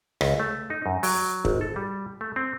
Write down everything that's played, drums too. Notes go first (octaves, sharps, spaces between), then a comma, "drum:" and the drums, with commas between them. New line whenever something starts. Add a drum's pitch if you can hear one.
C#2, drum: rim click
A3
D#4
F#2
F#3, drum: open hi-hat
G#1, drum: kick
A4
G3
A3
C4